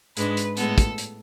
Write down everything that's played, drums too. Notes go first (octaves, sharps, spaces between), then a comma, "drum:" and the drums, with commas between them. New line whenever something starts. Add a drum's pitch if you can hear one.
G#2 G#3 D4 B4, drum: hi-hat
drum: hi-hat
A2 G#3 B3 A4, drum: hi-hat
drum: kick, hi-hat
drum: hi-hat